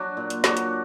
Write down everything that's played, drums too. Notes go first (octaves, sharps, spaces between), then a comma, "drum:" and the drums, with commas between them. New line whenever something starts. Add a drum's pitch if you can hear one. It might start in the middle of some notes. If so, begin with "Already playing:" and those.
Already playing: F#3 D4 F#4
A#2
drum: hi-hat
F#3 D4 F#4, drum: snare
drum: hi-hat